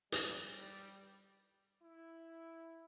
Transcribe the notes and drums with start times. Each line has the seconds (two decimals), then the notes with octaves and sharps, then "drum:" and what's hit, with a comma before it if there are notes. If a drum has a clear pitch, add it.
0.12 G3, drum: hi-hat
1.82 E4